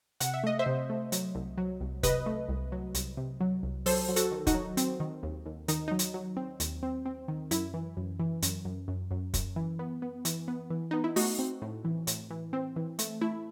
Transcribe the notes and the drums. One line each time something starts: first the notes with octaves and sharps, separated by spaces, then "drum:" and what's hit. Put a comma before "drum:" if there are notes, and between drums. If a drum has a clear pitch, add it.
C3 F#5, drum: hi-hat
E5
A3 D#5
C5 E5
C3
A3
F#3, drum: hi-hat
C2
F#3
C2
C3 B4 D#5, drum: kick, hi-hat
A3
C2
F#3
C2, drum: hi-hat
C3
F#3
C2
F#3 A4 C5, drum: open hi-hat
F#3
F#4 A4, drum: hi-hat
D#3
D#4 F#4, drum: kick, hi-hat
F#3
C4, drum: hi-hat
D#3
D#2
D#2
D#3 D#4, drum: hi-hat
F#3 D#4
drum: hi-hat
F#3
C4
D#2, drum: hi-hat
C4
C4
D#3
F#2 E4, drum: hi-hat
E3
F#2
E3
F#2, drum: hi-hat
F#2
F#2
F#2
F#2, drum: kick, hi-hat
E3
B3
B3
E3, drum: hi-hat
B3
E3
B3 D#4
E4
A3 D#4 F#4, drum: open hi-hat
C4
A2
E3
A2, drum: hi-hat
E3
C4
E3
A3, drum: hi-hat
A3 E4